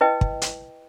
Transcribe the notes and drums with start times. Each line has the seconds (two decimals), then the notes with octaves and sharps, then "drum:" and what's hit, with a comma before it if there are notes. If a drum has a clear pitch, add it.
0.01 E4 B4 D#5 G5
0.21 drum: kick
0.42 drum: hi-hat